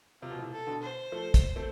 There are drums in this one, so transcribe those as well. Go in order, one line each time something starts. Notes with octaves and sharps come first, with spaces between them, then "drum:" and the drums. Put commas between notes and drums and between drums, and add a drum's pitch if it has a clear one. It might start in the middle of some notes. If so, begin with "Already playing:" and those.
C3 F4
B2
A2 C3
A4
B2 D3
C5
F3 A3
drum: kick, hi-hat
A3 C4